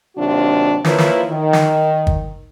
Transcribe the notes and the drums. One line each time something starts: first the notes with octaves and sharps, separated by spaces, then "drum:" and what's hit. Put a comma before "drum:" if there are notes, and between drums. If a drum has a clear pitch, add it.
D#2 C3 F#3 D4 F4 F#4
F3 A#3 E4 A#4 B4 C#5, drum: snare
drum: snare
D#3
drum: snare
drum: kick